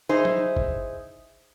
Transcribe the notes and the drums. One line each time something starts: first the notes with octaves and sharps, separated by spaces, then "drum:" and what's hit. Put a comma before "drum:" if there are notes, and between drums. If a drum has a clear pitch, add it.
D#4 E4 G#4 C5
drum: tom
drum: kick